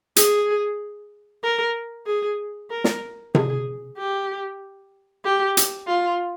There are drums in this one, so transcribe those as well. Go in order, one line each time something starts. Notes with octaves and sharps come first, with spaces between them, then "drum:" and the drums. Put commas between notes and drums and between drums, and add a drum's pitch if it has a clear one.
G#4, drum: hi-hat
A#4
G#4
A#4
drum: snare
G#4, drum: tom C3
G4
G4
drum: hi-hat
F4